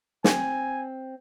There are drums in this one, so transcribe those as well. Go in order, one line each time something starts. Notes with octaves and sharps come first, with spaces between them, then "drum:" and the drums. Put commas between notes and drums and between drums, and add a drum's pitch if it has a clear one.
C4 G#5, drum: snare